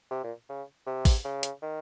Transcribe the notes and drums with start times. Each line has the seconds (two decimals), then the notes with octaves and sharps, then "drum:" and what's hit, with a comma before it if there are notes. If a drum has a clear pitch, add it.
0.11 C3
0.23 A#2
0.49 C#3
0.86 C3
1.05 drum: kick, open hi-hat
1.24 C#3
1.43 drum: hi-hat
1.62 D#3